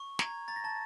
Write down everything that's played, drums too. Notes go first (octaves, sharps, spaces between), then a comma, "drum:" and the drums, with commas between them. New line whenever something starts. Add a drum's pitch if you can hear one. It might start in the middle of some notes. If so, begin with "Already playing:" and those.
Already playing: C#6
A#5 G#6, drum: snare
A#5 A6
A#6
A5 A6